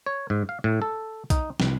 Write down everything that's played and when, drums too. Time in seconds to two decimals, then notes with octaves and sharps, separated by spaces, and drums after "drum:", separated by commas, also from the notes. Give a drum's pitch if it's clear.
0.06 C#5
0.30 G#2
0.49 F5
0.64 A2
0.82 A4
1.30 D#4, drum: kick B1, hi-hat
1.60 C2, drum: snare